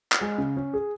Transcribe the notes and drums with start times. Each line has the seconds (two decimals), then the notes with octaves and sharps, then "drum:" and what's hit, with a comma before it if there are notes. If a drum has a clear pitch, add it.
0.12 drum: clap
0.21 G#3
0.38 C#3
0.57 C#4
0.74 G#4